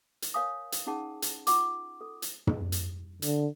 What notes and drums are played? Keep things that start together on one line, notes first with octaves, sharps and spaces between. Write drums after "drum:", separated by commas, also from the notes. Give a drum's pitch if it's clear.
drum: hi-hat
A#4 C#5 F5 G#5 D#6
drum: hi-hat
C#4 D#4 G#4 F#5 A5
drum: hi-hat
F4 F#5 D6, drum: hi-hat
A4
drum: hi-hat
drum: tom
drum: hi-hat
D3, drum: hi-hat